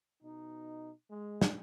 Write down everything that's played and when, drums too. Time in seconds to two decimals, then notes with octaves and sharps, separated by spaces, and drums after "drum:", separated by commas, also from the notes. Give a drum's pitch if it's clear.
0.22 B2 D#4
1.10 G#3
1.42 drum: snare